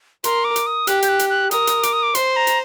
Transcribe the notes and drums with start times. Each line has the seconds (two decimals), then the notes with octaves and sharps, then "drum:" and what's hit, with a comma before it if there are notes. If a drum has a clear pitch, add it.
0.24 A#4 C6, drum: hi-hat
0.44 D6
0.56 drum: hi-hat
0.67 D#6
0.87 G4 F#6, drum: hi-hat
1.02 G6, drum: hi-hat
1.09 F#6
1.19 drum: hi-hat
1.30 F#6
1.51 A#4 D#6, drum: hi-hat
1.67 drum: hi-hat
1.83 D6, drum: hi-hat
1.93 D#6
2.03 D6
2.15 C5 C6, drum: hi-hat
2.36 A#5
2.47 drum: hi-hat